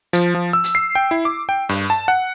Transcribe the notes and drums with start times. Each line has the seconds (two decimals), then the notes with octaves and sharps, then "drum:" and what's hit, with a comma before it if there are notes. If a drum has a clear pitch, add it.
0.13 F3, drum: hi-hat
0.35 F3
0.53 E6
0.64 drum: hi-hat
0.75 C7
0.95 G5
1.11 E4
1.25 D6
1.49 G5
1.69 G2, drum: open hi-hat
1.90 A5
2.08 F#5